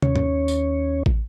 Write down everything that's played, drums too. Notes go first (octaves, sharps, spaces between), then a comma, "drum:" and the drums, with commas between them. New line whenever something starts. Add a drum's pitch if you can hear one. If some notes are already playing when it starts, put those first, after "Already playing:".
D#2 C#4 C#5, drum: tom
drum: tom G2
drum: tambourine
drum: kick